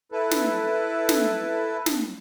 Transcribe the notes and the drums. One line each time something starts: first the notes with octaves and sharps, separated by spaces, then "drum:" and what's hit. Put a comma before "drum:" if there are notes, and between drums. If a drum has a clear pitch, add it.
E4 A4 B4
drum: snare
drum: snare
drum: snare